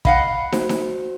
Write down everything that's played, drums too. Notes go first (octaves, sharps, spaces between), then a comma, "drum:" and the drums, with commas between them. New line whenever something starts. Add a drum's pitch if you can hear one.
D#5 F5 F#5 B5, drum: kick
F#4 C5, drum: snare
drum: snare